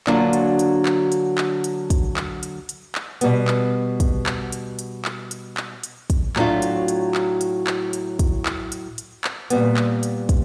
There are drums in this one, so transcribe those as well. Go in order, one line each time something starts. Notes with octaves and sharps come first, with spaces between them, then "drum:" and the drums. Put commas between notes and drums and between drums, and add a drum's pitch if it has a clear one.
D3 F#3 A#3 D4 F4, drum: clap
drum: hi-hat
drum: hi-hat
drum: clap
drum: hi-hat
drum: clap
drum: hi-hat
drum: kick, hi-hat
drum: clap
drum: hi-hat
drum: hi-hat
drum: clap
B2 G3 B3, drum: hi-hat
drum: clap
drum: kick, hi-hat
drum: clap
drum: hi-hat
drum: hi-hat
drum: clap
drum: hi-hat
drum: clap
drum: hi-hat
drum: kick, hi-hat
A2 F#3 A3 D4 F4, drum: clap
drum: hi-hat
drum: hi-hat
drum: clap
drum: hi-hat
drum: clap
drum: hi-hat
drum: kick, hi-hat
drum: clap
drum: hi-hat
drum: hi-hat
drum: clap
A#2 G3 B3, drum: hi-hat
drum: clap
drum: hi-hat
drum: kick, hi-hat